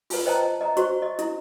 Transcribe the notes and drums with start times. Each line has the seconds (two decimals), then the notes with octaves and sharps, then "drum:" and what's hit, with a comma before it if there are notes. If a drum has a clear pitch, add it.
0.10 F4 B4, drum: open hi-hat
0.26 C5 D#5 G5 A5 A#5
0.61 D#5 A#5
0.77 F#4 C5 C#6, drum: hi-hat
1.02 D#5
1.19 E4, drum: hi-hat